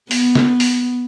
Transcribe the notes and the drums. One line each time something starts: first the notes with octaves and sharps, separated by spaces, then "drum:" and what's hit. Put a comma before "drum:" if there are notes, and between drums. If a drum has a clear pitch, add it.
B3, drum: open hi-hat
drum: snare
drum: open hi-hat